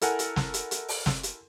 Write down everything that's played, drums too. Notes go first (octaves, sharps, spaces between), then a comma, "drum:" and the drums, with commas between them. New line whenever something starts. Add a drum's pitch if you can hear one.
E4 A4 A#4 F#5 G#5, drum: hi-hat
drum: hi-hat
drum: snare
drum: hi-hat
drum: hi-hat
drum: open hi-hat
drum: snare
drum: hi-hat